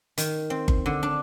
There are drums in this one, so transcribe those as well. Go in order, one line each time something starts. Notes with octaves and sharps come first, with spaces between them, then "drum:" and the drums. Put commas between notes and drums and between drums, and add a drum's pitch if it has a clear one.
D#3, drum: hi-hat
C4
drum: kick G1
D3
D4